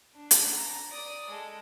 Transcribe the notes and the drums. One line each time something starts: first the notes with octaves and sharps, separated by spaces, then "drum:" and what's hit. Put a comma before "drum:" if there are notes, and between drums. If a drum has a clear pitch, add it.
D4
drum: hi-hat
A#5
D5 D#6
G#3 A4